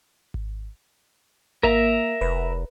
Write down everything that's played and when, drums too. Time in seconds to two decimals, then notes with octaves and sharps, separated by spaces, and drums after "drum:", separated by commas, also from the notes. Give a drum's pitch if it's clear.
0.34 drum: kick G#1
1.63 A#3 A#4 E5 A#5, drum: kick G#1
2.21 F1 B4